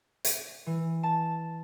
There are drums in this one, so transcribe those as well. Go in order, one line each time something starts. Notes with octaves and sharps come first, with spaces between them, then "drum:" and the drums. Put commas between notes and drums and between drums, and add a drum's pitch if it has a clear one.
drum: hi-hat
E3
A5